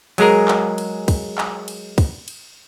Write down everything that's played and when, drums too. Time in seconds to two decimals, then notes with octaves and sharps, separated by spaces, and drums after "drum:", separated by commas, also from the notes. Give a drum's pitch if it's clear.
0.18 F#3 G#3 G#4 A#4, drum: cymbal
0.48 drum: clap
0.78 drum: cymbal
1.08 drum: kick, cymbal
1.38 drum: clap
1.68 drum: cymbal
1.98 drum: kick, cymbal
2.28 drum: cymbal